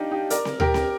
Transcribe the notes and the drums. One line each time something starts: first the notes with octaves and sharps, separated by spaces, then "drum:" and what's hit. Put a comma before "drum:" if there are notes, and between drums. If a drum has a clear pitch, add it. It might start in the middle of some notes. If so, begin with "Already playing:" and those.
Already playing: D4 D#4 F4 G4
D#4 G4
A#4 D5, drum: hi-hat
drum: snare C4
G4 A#4, drum: tom D2
drum: snare C4